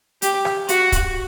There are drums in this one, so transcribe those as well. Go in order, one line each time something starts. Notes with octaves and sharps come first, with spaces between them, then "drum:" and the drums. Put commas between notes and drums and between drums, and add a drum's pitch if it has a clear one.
G4, drum: hi-hat
drum: rim click
F#4, drum: hi-hat
drum: kick, hi-hat